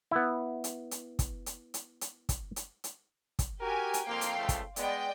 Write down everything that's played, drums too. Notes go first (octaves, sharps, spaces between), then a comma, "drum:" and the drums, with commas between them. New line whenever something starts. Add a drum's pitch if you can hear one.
B3 E4
drum: hi-hat
drum: hi-hat
drum: kick, hi-hat
drum: hi-hat
drum: hi-hat
drum: hi-hat
drum: kick, hi-hat
drum: hi-hat
drum: hi-hat
drum: kick, hi-hat
F#4 G4 A#4 G#5
drum: hi-hat
F2 A#3 F5 G5 C6
drum: hi-hat
C#2 F3 A3
drum: kick, hi-hat
G#3 B3 D5 D#5 G5, drum: hi-hat